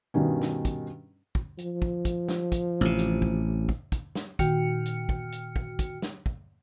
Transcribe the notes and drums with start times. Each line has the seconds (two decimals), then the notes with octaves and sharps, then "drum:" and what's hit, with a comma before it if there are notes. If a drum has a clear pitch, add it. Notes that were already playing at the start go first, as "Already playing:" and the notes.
0.14 G2 B2 D#3 C#4
0.42 drum: snare
0.65 drum: kick, hi-hat
1.35 drum: kick
1.58 F3, drum: hi-hat
1.82 drum: kick
2.05 drum: kick, hi-hat
2.29 drum: snare
2.52 drum: kick, hi-hat
2.81 A1 C3
2.99 drum: hi-hat
3.22 drum: kick
3.69 drum: kick
3.92 drum: kick, hi-hat
4.15 drum: snare
4.39 A#2 D#3 F#4 G5 F6 C#7, drum: kick, hi-hat
4.86 drum: hi-hat
5.09 drum: kick
5.32 drum: hi-hat
5.56 drum: kick
5.79 drum: kick, hi-hat
6.02 drum: snare
6.26 drum: kick